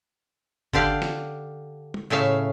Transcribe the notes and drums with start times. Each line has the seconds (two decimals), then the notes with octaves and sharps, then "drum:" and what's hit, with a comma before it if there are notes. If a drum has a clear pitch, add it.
0.73 D3 D4 G4 F5, drum: kick G1
1.02 drum: snare
1.94 drum: tom
2.10 A2 C#3 E5 F5